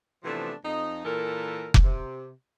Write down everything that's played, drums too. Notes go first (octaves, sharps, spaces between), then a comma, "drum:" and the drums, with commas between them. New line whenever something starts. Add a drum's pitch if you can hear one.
C3 E3 F3 A3 B3 D4
F2 D#4
A#2 E3 A4 A#4
drum: kick F1
C3